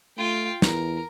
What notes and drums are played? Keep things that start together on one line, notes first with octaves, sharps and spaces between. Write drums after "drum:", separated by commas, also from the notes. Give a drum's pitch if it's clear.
A3 F4 G5
E2 A#4, drum: snare